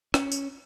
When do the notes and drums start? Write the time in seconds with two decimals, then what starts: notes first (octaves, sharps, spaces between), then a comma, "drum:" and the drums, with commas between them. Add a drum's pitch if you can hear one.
0.14 C#4, drum: rim click
0.32 drum: tambourine